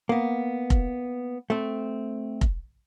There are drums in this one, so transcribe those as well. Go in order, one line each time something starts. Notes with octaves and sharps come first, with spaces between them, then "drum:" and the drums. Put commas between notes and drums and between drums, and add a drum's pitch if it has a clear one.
A#3 B3
drum: kick F1
A3 C4
drum: kick F1